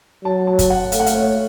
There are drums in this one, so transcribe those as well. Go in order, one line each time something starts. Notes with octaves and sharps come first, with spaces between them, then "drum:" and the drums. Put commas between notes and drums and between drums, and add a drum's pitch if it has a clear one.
F#3 A5
A5
drum: kick, hi-hat
F#5
A3 F5, drum: hi-hat
F#5
F5, drum: hi-hat
C#5